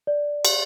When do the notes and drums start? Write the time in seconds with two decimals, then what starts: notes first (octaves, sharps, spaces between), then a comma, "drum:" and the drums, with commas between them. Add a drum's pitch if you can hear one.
0.07 D5
0.45 drum: cymbal